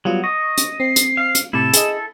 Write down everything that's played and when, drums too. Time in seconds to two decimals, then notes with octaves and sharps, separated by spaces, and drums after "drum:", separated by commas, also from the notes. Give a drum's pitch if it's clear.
0.05 F#3 G3 B3 F4
0.24 D#5 C#6
0.58 drum: hi-hat
0.80 C4 C7
0.96 drum: hi-hat
1.17 F5
1.35 drum: hi-hat
1.53 A2 C3 E4 A4 D6 E7
1.73 G#4 D#5, drum: hi-hat